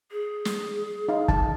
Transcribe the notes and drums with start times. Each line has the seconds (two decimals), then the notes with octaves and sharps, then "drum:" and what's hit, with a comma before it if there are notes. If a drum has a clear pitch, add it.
0.12 G#4
0.45 drum: snare
1.09 D#4 F5
1.28 A5, drum: kick